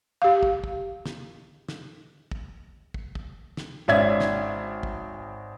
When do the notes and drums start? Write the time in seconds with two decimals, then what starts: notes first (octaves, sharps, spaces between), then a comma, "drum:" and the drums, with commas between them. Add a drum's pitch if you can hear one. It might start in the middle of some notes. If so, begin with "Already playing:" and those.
0.22 G4 F5
0.43 drum: kick
0.64 drum: kick
1.06 drum: snare
1.69 drum: snare
2.31 drum: kick
2.94 drum: kick
3.15 drum: kick
3.57 drum: snare
3.88 G#1 C#4 D5 E5 G#6
4.20 drum: snare
4.83 drum: kick